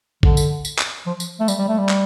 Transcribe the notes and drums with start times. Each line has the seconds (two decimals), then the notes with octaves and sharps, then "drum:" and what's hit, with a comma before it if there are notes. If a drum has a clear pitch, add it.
0.23 D3, drum: kick
0.37 drum: tambourine
0.65 drum: tambourine
0.79 drum: clap
1.06 F3
1.20 drum: tambourine
1.40 A3
1.48 G3, drum: tambourine
1.58 G3
1.68 A3
1.78 G3
1.89 drum: clap